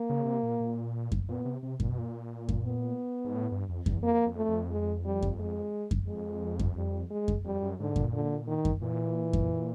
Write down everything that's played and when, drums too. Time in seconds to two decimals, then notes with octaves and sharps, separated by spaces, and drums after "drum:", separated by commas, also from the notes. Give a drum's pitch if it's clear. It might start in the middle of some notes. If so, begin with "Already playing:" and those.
Already playing: A#3
0.10 C#3
0.25 C3
0.43 A#2
0.60 A#2
1.12 drum: kick F#2
1.29 A#2 B3
1.45 C3
1.63 C3
1.80 A#2, drum: kick F#2
1.89 B2
1.98 A#2
2.49 drum: kick F#2
2.66 B3
3.25 G#2
3.35 A2
3.52 G2
3.69 F2
3.86 E2, drum: kick F#2
4.02 F2 A#3
4.26 F2
4.37 A3
4.48 F2
4.71 G#3
5.05 G3
5.22 drum: kick F#2
5.39 G#3
5.91 drum: kick F#2
6.07 F2 G#3
6.59 drum: kick F#2
6.77 G3
7.11 G#3
7.28 drum: kick F#2
7.44 F2 G3
7.62 F#2
7.79 G#2 D3
7.96 A#2, drum: kick F#2
8.13 D3
8.48 D#3
8.65 drum: kick F#2
8.82 A#2 E3
9.33 drum: kick F#2